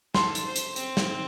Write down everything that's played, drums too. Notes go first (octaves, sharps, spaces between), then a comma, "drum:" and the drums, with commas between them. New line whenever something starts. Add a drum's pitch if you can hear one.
A4 C6, drum: snare
drum: hi-hat
C5
drum: hi-hat
C4, drum: hi-hat
drum: snare